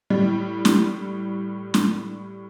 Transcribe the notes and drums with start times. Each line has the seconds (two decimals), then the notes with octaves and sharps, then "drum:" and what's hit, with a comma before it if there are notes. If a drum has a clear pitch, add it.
0.10 A2 G3
0.65 drum: snare
1.74 drum: snare